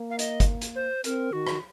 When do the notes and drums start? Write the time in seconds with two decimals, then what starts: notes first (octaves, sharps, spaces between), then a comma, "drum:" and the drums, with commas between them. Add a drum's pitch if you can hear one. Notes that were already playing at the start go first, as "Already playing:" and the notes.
Already playing: A#3
0.10 F5
0.19 D#5, drum: hi-hat
0.40 drum: kick, hi-hat
0.61 drum: hi-hat
0.75 C5
1.04 C4 A#4, drum: hi-hat
1.32 D#3 F#4
1.47 drum: rim click